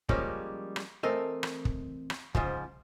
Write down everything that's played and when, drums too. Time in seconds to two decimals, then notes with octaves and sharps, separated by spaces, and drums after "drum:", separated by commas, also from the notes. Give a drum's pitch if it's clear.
0.09 F3 G3 G#3 A#3 C#4, drum: kick
0.76 drum: rim click
1.03 E3 A3 C4 A4 A#4 D#5
1.43 drum: rim click
1.65 drum: kick
2.10 drum: rim click
2.35 G#2 C#3 F3, drum: kick